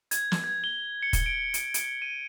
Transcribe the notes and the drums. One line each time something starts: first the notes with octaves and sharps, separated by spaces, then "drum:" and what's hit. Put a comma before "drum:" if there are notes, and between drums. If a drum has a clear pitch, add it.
G#6, drum: hi-hat
drum: snare
G#6
G7
C#7
drum: kick, hi-hat
D7
drum: hi-hat
drum: hi-hat
D#7